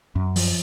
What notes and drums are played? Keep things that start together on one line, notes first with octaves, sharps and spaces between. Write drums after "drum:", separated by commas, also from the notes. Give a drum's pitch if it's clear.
F#2
F3, drum: open hi-hat